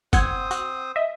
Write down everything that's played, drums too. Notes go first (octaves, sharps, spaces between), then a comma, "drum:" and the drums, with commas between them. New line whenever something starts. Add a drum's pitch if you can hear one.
C4 C5 F#5 D#6 G#6, drum: kick, tambourine
F#4, drum: tambourine
D#5 E5